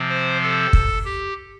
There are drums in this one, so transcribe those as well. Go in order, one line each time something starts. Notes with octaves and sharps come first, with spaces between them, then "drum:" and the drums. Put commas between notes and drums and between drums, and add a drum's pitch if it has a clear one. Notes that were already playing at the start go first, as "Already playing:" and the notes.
Already playing: C3 F3 C4
C5
A4
drum: kick
G4